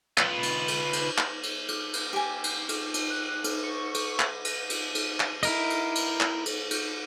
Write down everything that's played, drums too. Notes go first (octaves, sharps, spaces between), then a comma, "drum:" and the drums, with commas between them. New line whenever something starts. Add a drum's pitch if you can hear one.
F4 B4, drum: clap
drum: cymbal
drum: cymbal
drum: cymbal
drum: clap
drum: cymbal
drum: cymbal
drum: cymbal
G4 G#5
drum: cymbal
drum: cymbal
drum: cymbal
F#6
drum: cymbal
C#6
drum: cymbal
drum: clap
drum: cymbal
drum: cymbal
drum: cymbal
drum: clap
E4 A#4 D#5, drum: cymbal
drum: cymbal
drum: cymbal
drum: clap
drum: cymbal
drum: cymbal